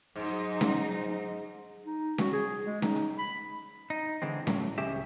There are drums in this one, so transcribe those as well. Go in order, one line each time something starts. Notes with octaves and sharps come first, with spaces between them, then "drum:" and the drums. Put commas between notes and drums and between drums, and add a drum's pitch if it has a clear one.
G#2 F#3 D#4
drum: snare C#4
D#4
F#4, drum: snare C#4
G#4
G#3
D#4, drum: snare C#4
drum: hi-hat
B5
D#4
D3 E3 G#3 C4
A2 F#3, drum: snare C#4
C#2 G#3 C#4 G4 E5